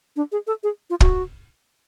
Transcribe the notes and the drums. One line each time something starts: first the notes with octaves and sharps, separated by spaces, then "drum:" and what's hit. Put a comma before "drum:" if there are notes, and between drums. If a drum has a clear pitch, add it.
D4
G#4
A4
G#4
F4
F#4, drum: kick